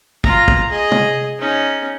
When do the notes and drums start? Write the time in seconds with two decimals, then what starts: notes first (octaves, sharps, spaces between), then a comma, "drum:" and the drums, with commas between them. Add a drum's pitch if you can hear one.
0.24 F4 A#5, drum: kick
0.48 drum: kick
0.70 G#4 D#5
0.91 drum: tom
1.39 C#4 D#4